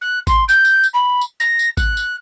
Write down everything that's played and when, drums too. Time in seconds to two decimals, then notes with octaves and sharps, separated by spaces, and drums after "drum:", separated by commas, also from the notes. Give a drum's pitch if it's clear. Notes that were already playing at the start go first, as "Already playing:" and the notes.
0.01 F#6
0.27 C6, drum: kick, tambourine
0.49 G6, drum: tambourine
0.65 drum: tambourine
0.84 drum: tambourine
0.94 B5
1.21 drum: tambourine
1.40 A#6, drum: tambourine
1.59 drum: tambourine
1.77 F#6, drum: kick, tambourine
1.97 drum: tambourine